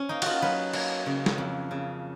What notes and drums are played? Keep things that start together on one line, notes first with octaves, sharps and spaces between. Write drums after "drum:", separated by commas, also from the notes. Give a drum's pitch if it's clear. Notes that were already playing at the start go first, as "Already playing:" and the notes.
Already playing: C#4
A#3 D#4
F4 F#4, drum: cymbal
F#3 B4
A#3, drum: cymbal
C#3
drum: snare
F2
C#3